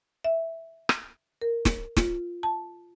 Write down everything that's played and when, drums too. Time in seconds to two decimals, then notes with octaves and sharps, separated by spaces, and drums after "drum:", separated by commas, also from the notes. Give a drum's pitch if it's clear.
0.24 E5
0.89 drum: rim click
1.41 A#4
1.65 drum: snare
1.97 F4, drum: snare
2.43 A5